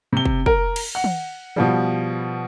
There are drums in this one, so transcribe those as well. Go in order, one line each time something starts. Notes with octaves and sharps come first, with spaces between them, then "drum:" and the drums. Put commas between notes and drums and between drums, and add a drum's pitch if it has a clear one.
C3 G7
drum: kick
A#4, drum: kick
drum: cymbal
F#5
drum: tom
B2 F3 G3, drum: tom